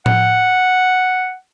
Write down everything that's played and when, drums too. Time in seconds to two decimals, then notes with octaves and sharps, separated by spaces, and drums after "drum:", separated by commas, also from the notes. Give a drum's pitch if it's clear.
0.06 F#5, drum: tom A2